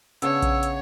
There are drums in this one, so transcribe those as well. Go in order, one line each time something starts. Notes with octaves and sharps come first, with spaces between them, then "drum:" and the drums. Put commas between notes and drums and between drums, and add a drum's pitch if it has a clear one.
C#3 B3 D4 C#5 E6, drum: hi-hat
drum: kick A#1, hi-hat
drum: hi-hat